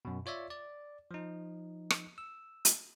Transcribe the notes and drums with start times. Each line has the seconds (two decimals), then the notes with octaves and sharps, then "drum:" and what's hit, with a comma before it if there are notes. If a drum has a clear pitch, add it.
0.05 F#2 B2
0.26 F4 C#5 D5 E5
0.50 D5
1.11 F3 D#4
1.90 drum: rim click
2.18 E6
2.65 drum: hi-hat